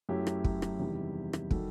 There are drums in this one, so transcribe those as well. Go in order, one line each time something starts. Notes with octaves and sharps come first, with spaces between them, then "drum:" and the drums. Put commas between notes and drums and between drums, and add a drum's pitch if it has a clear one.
F#2 F#3 A3 E4 G4
drum: rim click
drum: kick
drum: rim click
E2 C3 D#3 G3
drum: rim click
D#3 G3 F#4 A4, drum: kick